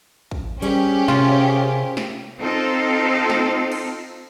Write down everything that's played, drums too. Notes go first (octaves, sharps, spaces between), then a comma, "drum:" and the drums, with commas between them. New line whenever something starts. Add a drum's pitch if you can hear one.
drum: kick
G3 C#4 G4 G#4 A#4 C5, drum: hi-hat
C3 F4, drum: snare
drum: snare
C4 D#4 F4 A4
drum: snare
drum: cymbal